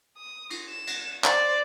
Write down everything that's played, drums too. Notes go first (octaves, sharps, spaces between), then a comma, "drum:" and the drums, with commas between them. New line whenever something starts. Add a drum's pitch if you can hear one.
D#6
drum: cymbal
E7
drum: cymbal
C5 D5, drum: clap